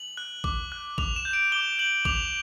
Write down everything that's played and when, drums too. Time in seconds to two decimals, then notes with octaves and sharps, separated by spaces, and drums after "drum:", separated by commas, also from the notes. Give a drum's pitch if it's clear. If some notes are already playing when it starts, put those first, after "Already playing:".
Already playing: F#7
0.17 F#6
0.44 D6, drum: kick
0.72 F#6
0.98 D6 F7, drum: kick
1.16 E7
1.25 G6
1.33 D7
1.52 D6 G7
1.79 G6 F#7
2.05 D6 F7, drum: kick